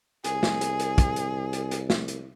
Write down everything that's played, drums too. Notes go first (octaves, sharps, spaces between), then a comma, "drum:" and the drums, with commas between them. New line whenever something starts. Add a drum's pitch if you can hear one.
C2 G#4, drum: hi-hat
drum: snare
drum: hi-hat
drum: hi-hat
drum: kick, hi-hat
drum: hi-hat
drum: hi-hat
drum: hi-hat
drum: snare
drum: hi-hat